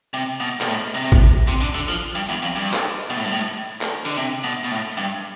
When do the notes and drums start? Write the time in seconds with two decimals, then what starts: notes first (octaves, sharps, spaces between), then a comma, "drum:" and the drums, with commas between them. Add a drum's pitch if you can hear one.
0.14 C3
0.40 B2
0.61 B2, drum: clap
0.67 A2
0.94 C3
1.12 drum: kick A1
1.48 C3
1.61 D3
1.75 D3
1.88 F3
2.15 G2
2.29 E2
2.42 F2
2.56 G2
2.74 drum: clap
3.10 B2
3.17 A2
3.24 G2
3.32 A2
3.81 drum: clap
4.05 D3
4.17 C3
4.44 B2
4.64 B2
4.71 A2
4.97 G2